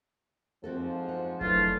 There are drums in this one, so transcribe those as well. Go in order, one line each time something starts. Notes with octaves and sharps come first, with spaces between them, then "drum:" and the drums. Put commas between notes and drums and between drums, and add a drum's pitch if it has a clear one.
G#2 F3 C4 F#4 A4
F#5
E3 F#3 A3 D4 F4, drum: kick F1